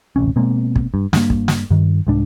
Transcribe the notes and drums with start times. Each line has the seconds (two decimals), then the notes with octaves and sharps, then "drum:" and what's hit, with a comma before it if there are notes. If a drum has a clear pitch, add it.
0.16 D#1 A1 C3 C#4
0.36 B2 G#3 A#3 C4
0.76 drum: kick
0.94 G2
1.13 G2 A#3, drum: snare
1.30 drum: kick
1.48 drum: snare
1.71 G2 D#3
2.07 C2 G#2 D4